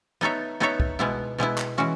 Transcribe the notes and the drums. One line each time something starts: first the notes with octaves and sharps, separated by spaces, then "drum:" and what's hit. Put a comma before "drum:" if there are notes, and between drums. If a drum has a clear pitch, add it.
B3 D#4 A4 C#5 E5
B3 D#4 A4 C#5 E5
drum: kick
B2 G#3 B3 E4
B2 G#3 B3 E4
drum: clap
E3 G#3 C#4 F#4